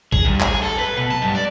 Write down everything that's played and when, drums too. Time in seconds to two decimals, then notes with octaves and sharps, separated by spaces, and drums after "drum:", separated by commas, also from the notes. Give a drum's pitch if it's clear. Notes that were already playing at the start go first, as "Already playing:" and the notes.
0.12 G#4, drum: kick
0.25 G2
0.40 G#4, drum: clap
0.63 A4
0.79 B4
0.97 B2
1.10 A5
1.22 G2
1.35 D5